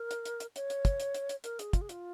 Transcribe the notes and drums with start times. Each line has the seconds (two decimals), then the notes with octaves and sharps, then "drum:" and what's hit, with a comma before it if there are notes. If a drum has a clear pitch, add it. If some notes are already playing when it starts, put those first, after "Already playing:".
Already playing: A#4
0.11 drum: hi-hat
0.25 drum: hi-hat
0.40 drum: hi-hat
0.56 C#5, drum: hi-hat
0.70 drum: hi-hat
0.85 drum: kick, hi-hat
1.00 drum: hi-hat
1.14 drum: hi-hat
1.29 drum: hi-hat
1.44 A#4, drum: hi-hat
1.59 G#4, drum: hi-hat
1.73 F4, drum: kick, hi-hat
1.81 G#4
1.89 F4, drum: hi-hat